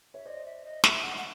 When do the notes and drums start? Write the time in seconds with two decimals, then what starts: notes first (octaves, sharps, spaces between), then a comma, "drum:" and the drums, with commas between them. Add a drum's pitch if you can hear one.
0.14 C#5 E5
0.25 C5 D5 D#5
0.46 E5
0.65 D#5
0.84 E5, drum: snare
1.04 F#5
1.17 F#5